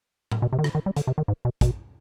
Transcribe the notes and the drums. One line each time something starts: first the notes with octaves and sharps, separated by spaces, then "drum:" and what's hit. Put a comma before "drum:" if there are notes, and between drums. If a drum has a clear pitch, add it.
drum: tom A2
B2
C3
D#3
D3, drum: rim click
D#3
G3
D3, drum: hi-hat
C3
D#3
G#2
B2
B2, drum: kick, hi-hat